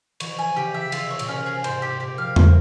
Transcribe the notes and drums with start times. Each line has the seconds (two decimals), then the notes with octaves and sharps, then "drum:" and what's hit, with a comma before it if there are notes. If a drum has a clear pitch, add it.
0.20 E3 C#5, drum: cymbal
0.38 E3 G#5
0.56 C#3 G4
0.74 E3 E5
0.92 C#3 F4, drum: cymbal
1.10 C#5
1.19 A#2, drum: cymbal
1.28 C3 C#4
1.46 G#4
1.64 G#2 C5, drum: cymbal
1.82 G#2 G4
2.00 A#2 G4
2.18 F3 F5
2.36 E3 A#4, drum: tom E2